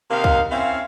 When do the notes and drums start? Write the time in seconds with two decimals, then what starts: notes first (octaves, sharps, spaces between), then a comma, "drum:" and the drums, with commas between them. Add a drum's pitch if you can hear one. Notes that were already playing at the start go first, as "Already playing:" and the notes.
0.11 C3 D#3 A#3 D#4 F5 F#5
0.24 drum: kick
0.51 C4 C#4 E4 F5